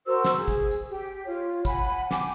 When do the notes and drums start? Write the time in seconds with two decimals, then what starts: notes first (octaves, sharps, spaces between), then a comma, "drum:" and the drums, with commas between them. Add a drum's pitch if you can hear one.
0.06 F#4 A#4 C5 E6
0.25 drum: snare
0.36 G#4
0.48 drum: kick
0.71 drum: tambourine
0.90 G4
1.26 F4 C#5
1.65 F#5 G#5 B5, drum: kick, tambourine
2.11 G5 G#5 D6, drum: snare